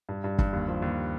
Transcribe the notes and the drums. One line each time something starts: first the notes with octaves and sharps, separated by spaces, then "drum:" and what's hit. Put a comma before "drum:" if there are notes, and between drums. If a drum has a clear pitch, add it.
G2
G2
G2, drum: kick
D#2
F3
D#2